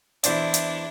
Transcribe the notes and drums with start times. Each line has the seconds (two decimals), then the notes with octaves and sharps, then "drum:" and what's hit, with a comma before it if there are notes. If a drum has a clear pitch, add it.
0.24 E2 D4 E4 C5 D5, drum: hi-hat
0.54 drum: hi-hat